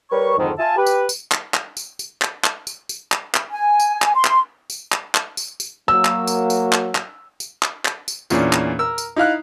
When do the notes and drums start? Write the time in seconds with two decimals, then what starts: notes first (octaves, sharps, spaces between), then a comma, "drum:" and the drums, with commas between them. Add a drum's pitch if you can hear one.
0.11 G3 A#4 B4 C#5 C#6
0.38 F2 G#2 D3 D#3
0.58 F4 E5 G#5 A5
0.77 G4 B4
0.87 drum: tambourine
1.09 drum: tambourine
1.32 drum: clap
1.54 drum: clap
1.77 drum: tambourine
1.99 drum: tambourine
2.22 drum: clap
2.44 drum: clap
2.67 drum: tambourine
2.89 drum: tambourine
3.12 drum: clap
3.34 drum: clap
3.52 G#5
3.80 drum: tambourine
4.02 drum: clap
4.15 C6
4.25 drum: clap
4.70 drum: tambourine
4.92 drum: clap
5.15 drum: clap
5.37 drum: tambourine
5.60 drum: tambourine
5.88 F#3 A#3 E6
6.05 drum: clap
6.27 drum: tambourine
6.50 drum: tambourine
6.73 drum: clap
6.95 drum: clap
7.40 drum: tambourine
7.63 drum: clap
7.85 drum: clap
8.08 drum: tambourine
8.30 E2 A#2 C#4 D4, drum: tambourine
8.53 drum: clap
8.79 A#4 E6
8.98 drum: tambourine
9.16 D#4 E4 F5 F#6